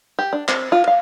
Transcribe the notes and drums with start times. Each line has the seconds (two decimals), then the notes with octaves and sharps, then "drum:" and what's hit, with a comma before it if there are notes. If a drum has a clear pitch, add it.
0.19 G4
0.33 D4
0.48 C4, drum: clap
0.72 F4
0.87 F5